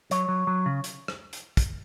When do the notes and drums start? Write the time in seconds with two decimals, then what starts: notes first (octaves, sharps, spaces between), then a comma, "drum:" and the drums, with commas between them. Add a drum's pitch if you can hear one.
0.11 F#3 C#5, drum: hi-hat
0.28 F#3
0.47 F#3
0.66 C#3
0.84 drum: hi-hat
1.08 drum: rim click
1.33 drum: hi-hat
1.57 drum: kick, hi-hat